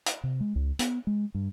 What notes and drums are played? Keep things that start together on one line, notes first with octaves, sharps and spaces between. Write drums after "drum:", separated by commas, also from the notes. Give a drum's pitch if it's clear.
drum: hi-hat
C3
G#3
C#2
B3, drum: hi-hat
G#3
G2